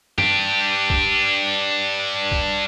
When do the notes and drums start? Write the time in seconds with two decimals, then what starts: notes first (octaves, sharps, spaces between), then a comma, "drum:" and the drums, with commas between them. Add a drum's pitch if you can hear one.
0.18 D4 G4, drum: tom F#2
0.90 drum: kick
2.32 drum: kick